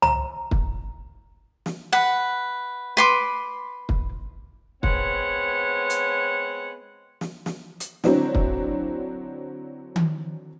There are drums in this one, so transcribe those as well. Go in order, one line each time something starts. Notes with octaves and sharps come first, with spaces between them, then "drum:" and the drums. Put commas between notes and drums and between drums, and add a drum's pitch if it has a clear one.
A#5, drum: tom
drum: kick
drum: snare
B4 F#5
B4 C6 D6
drum: kick
G#3 B3 C4 C#5 F#5, drum: kick
drum: hi-hat
drum: snare
drum: snare
drum: hi-hat
D3 F#3 C4 D4 E4, drum: snare
drum: kick
drum: tom D#3